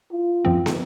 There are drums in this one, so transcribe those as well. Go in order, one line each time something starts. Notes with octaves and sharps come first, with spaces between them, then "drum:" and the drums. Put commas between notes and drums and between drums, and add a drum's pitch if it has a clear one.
F4
F#2 F3 C4
drum: snare